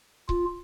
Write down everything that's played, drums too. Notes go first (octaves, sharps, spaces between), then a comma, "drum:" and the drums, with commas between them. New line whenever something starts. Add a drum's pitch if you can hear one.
F4, drum: kick C#1